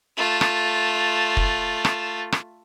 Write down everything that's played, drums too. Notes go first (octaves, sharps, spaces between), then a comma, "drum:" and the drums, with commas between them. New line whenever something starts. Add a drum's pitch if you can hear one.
A3 F4
drum: rim click
drum: kick
drum: rim click
drum: rim click